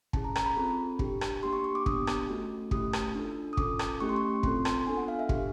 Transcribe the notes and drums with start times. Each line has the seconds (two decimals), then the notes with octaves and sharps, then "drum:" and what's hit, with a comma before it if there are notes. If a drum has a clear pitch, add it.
0.13 C#4 E4 G#4 A5, drum: kick
0.24 A#5
0.36 A#5, drum: rim click
0.46 B5
0.56 C4 F4 A4
0.99 D4 G4, drum: kick
1.21 drum: rim click
1.43 A#3 D4 G4 C6
1.53 C#6
1.64 C#6
1.75 D6
1.86 B3 D4 G4 D#6, drum: kick
2.07 drum: rim click
2.29 A3 C#4 F#4 A4
2.71 A3 C#4 E4 G4 D#6, drum: kick
2.93 drum: rim click
3.15 D4 F4 A4
3.53 D#6
3.57 C#4 F4 A4 D6, drum: kick
3.79 drum: rim click
4.00 A3 C#4 E4 G4 C#6
4.09 C6
4.16 C#6
4.43 C4 F4 A4 C6, drum: kick
4.65 C6, drum: rim click
4.87 B3 D4 F4 A4 G#5
4.97 F#5
5.08 F5
5.19 E5
5.29 D4 G4, drum: kick